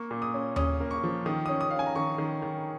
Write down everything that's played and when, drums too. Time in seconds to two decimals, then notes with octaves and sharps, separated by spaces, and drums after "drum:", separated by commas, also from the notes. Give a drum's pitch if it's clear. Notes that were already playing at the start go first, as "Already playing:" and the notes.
Already playing: A#3 C#6
0.11 A#2
0.22 D#6
0.34 C#4
0.56 C#4 D#6, drum: tom D#2
0.80 A#3
0.91 C#6
1.04 F3
1.26 D#3 D#6
1.46 D#6
1.49 C#4
1.61 D#6
1.70 C#4 F5
1.79 G#5
1.86 A#5
1.96 D#3 C#6
2.18 D#3
2.42 D#3